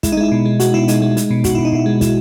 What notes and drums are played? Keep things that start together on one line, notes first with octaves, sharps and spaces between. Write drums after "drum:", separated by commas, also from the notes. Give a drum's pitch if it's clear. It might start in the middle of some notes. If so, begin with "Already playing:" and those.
G#3 E4, drum: kick, hi-hat
D#4
G#3 E4
B2
G#3
G#3 F#4, drum: hi-hat
B2 E4
G#3 D#4, drum: hi-hat
G#3
G#3, drum: hi-hat
B2
B2 F#4, drum: kick, hi-hat
B2 E4
D#4
B2 E4
G#3
G#3 E4, drum: kick, hi-hat